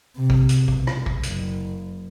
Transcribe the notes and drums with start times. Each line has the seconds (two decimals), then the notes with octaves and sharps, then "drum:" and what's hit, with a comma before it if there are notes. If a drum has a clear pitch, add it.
0.16 C3
0.30 drum: kick
0.49 drum: hi-hat
0.68 B2, drum: kick
0.87 drum: rim click
1.06 drum: kick
1.23 F#1, drum: hi-hat